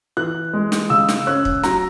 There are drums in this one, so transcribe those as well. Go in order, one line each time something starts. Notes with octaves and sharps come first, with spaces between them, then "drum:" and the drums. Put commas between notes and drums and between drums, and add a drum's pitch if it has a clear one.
E3 F#6
G#3
drum: snare
C#3 E6
drum: snare
C#4 F#6
drum: kick
F#3 A#5, drum: snare